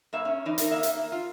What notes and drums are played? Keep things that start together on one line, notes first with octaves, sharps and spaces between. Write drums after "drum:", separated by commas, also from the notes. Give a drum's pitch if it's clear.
G2 A#3 E5
C#4
E3 D#4 D5
D#4 A#4, drum: hi-hat
A#3 E5
drum: hi-hat
F4